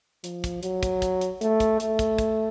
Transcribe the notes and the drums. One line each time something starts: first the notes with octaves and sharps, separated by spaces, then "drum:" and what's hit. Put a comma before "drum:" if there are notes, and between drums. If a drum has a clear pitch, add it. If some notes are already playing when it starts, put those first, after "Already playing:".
F3, drum: hi-hat
drum: kick, hi-hat
F#3, drum: hi-hat
drum: kick, hi-hat
drum: kick, hi-hat
drum: hi-hat
A3, drum: hi-hat
drum: kick, hi-hat
A3, drum: hi-hat
drum: kick, hi-hat
drum: kick, hi-hat